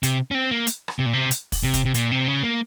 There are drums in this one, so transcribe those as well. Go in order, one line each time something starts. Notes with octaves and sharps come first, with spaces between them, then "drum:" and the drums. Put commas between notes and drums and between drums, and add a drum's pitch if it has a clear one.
C3, drum: hi-hat
C#4
C4
A#3
drum: hi-hat
drum: rim click
C3
A#2
C3
drum: hi-hat
drum: kick, open hi-hat
C3
drum: kick, hi-hat
C3
A#2, drum: hi-hat
C3
C#3
A#3